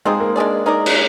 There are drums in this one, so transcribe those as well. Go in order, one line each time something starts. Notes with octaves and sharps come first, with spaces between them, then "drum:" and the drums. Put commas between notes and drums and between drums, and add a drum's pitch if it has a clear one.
F3 G#3 C4 D#4 G#4
A#3
G#3 D4 G#4 D5
G#3 D#4 A#4 D5
drum: cymbal